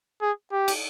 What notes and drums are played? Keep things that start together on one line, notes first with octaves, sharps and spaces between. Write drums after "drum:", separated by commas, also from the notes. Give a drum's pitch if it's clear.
G#4
G4
drum: cymbal